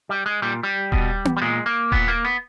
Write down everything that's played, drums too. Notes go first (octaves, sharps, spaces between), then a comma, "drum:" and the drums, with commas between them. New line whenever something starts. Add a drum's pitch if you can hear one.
G3
G#3
A#2 G3
G3
B2, drum: kick D#1
drum: tom B3
G3
A#2 G#3
A#3
A#2 B3, drum: kick D#1
A#3
B3